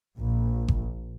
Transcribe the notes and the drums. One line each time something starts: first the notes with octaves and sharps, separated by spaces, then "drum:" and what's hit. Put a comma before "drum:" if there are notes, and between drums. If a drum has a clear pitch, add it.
A#1
drum: kick G1